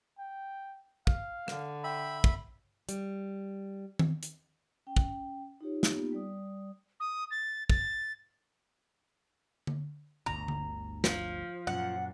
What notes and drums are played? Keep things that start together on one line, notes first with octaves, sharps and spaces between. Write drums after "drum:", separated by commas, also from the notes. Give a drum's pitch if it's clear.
G5
F5, drum: kick
D3, drum: rim click
E5 G5 B5
drum: kick
G3, drum: hi-hat
drum: tom D#3
drum: hi-hat
C#4 G5
drum: kick
D#4 F4 G4 C#5
drum: snare
A#3 B3 D#4 F4 G4
G3 D5 D#6
D#6
A6
A6, drum: kick
drum: tom D3
G1 D2 A#5
drum: tom D3
F3, drum: snare
F#2 A#2 F#5